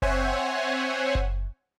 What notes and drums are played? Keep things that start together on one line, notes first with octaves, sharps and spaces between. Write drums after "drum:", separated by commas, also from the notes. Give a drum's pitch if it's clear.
C4 C5 C#5 E5 F#5 G#5, drum: kick F#1
drum: kick F#1